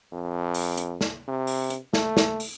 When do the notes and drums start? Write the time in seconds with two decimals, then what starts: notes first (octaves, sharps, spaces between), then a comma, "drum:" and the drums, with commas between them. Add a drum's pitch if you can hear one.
0.13 F2
0.54 drum: open hi-hat
0.78 drum: hi-hat
1.01 drum: snare
1.28 C3
1.47 drum: open hi-hat
1.70 drum: hi-hat
1.93 A3, drum: snare
2.17 drum: snare
2.40 drum: open hi-hat